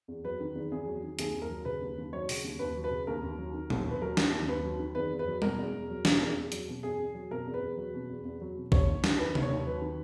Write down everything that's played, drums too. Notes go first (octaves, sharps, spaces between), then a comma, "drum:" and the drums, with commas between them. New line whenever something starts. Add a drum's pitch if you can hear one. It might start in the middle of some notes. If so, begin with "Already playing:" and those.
E2
F#3 B4
D#3
E2
E2 G#4
F#3
D#3
D#2 G#4, drum: hi-hat
D#2
A#4
F#3
C#3 B4
D#2
D#2
F#3 C#5
C#3, drum: open hi-hat
D#2
D#2 B4
F#3
B4
C#3
D#2 A#4
D#2
F#3
D#3
D#2, drum: tom
D#2
B4
F#3 A#4
D#3, drum: snare
D#2
D#2 B4
F#3
D#3
E2 B4
E2
B4
F#3
B2 A#4, drum: tom G3
E2
E2
F#3
B2, drum: snare
E2
E2
F#3, drum: hi-hat
B2
E2 G#4
E2
F#3
B2 A#4
E2
B4
E2
F#3
B2
E2
E2
F#3
B2
D#2 C#5, drum: kick A#1
D#2
F#3, drum: snare
D#3 B4
D#2, drum: tom C3
C#5
D#2
F#3 B4
D#3